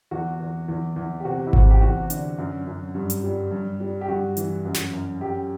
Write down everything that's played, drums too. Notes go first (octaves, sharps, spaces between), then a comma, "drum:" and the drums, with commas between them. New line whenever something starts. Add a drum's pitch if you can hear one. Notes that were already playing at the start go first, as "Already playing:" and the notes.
E2 F#4
E2
E2
E2
G4
C3 F#4
E4
C3 F#4, drum: kick G#1
G4
E2 F#4
D3, drum: hi-hat
F#2
F#2
G2
drum: hi-hat
G3
G2
G3
G4
G2 F#4
E3, drum: hi-hat
F#2
drum: snare
F#2
F#2 G4